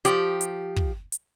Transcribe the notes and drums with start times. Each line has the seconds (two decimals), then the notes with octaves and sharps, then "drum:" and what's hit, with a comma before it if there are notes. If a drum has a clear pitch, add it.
0.05 F3 G4, drum: hi-hat
0.41 drum: hi-hat
0.76 drum: kick
1.12 drum: hi-hat